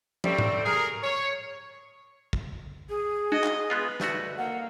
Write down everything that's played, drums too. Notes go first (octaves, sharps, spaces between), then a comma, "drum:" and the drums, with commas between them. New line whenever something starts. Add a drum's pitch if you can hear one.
G3 A3 C4, drum: tom
drum: tom G#2
G#4 A#4
C#5
drum: kick
G#4
D#4 F#4 D#5
drum: clap
G#3 B3 F4 B4
D2 A3 F#4, drum: snare
A#3 F#5